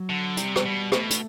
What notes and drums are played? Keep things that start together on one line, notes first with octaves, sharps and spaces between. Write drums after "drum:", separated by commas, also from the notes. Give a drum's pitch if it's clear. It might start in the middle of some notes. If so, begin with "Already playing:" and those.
Already playing: F#3
D3
C3 G3, drum: hi-hat
drum: rim click
B2
B2 A3, drum: rim click
drum: hi-hat